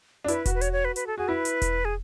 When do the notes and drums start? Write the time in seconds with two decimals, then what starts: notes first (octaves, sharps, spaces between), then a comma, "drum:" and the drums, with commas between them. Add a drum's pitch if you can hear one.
0.24 D4
0.28 E4 B4, drum: hi-hat
0.46 F#4, drum: kick E1, hi-hat
0.55 B4
0.61 C#5, drum: hi-hat
0.73 C#5
0.85 B4
0.96 B4, drum: hi-hat
1.07 A4
1.18 F#4 G#4
1.28 E4 B4
1.45 drum: hi-hat
1.62 drum: kick E1, hi-hat
1.85 G#4